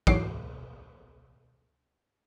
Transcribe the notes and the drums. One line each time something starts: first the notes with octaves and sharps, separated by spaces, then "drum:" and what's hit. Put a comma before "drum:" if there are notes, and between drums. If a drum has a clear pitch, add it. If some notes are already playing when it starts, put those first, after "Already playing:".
E2 G#2 F#3 D6 C7, drum: kick